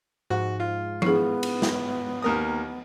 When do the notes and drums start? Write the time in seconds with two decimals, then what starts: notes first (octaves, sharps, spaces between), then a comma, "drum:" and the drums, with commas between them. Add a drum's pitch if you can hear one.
0.30 G#2 F3 F#4
0.60 F4
1.02 B3 E4 G#4, drum: tom F3
1.43 drum: cymbal
1.62 drum: snare
2.22 D#2 A#4 D#6